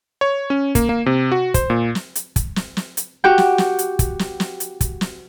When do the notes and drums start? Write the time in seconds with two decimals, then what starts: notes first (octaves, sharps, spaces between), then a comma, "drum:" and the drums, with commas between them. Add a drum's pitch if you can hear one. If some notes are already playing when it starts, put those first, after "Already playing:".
0.21 C#5
0.50 C#4
0.75 A#3, drum: kick, hi-hat
0.89 A#3
1.06 C3
1.32 F#4
1.54 C5, drum: kick, hi-hat
1.70 A#2
1.95 drum: snare
2.15 drum: hi-hat
2.36 drum: kick, hi-hat
2.56 drum: snare
2.77 drum: snare
2.97 drum: hi-hat
3.24 F#4 G4 G5
3.38 drum: snare
3.58 drum: snare
3.79 drum: hi-hat
3.99 drum: kick, hi-hat
4.19 drum: snare
4.40 drum: snare
4.60 drum: hi-hat
4.81 drum: kick, hi-hat
5.01 drum: snare